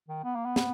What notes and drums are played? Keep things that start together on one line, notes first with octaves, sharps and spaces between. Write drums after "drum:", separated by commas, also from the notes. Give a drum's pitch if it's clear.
D#3
B3
A#3
B3
drum: snare